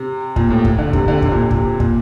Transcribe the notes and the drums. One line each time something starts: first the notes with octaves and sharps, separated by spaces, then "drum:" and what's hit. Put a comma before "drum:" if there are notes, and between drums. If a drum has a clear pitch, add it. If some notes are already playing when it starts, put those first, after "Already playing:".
Already playing: C3
A#2, drum: kick
A2
A#2, drum: kick
D3
C3, drum: kick
D3
C3, drum: kick
A#2
A#2
C3, drum: kick
A#2, drum: kick